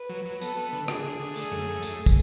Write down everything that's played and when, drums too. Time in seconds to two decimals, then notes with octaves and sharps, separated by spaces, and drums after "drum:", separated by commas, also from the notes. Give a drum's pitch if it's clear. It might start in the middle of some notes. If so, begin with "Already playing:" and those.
Already playing: B4
0.09 F#3
0.25 F#3
0.41 B3 A4, drum: tambourine
0.57 B3
0.73 D3
0.88 D3 G#4, drum: rim click
1.04 D3
1.20 D3
1.36 A3, drum: tambourine
1.51 F#2
1.67 A3
1.82 F#2, drum: tambourine
2.06 drum: kick, tambourine